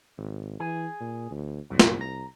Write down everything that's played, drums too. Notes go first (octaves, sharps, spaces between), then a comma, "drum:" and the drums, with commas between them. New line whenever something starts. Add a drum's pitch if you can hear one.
G#1
E3 G#4
A#2
D2
C2 F#2 A#2
drum: snare
A#5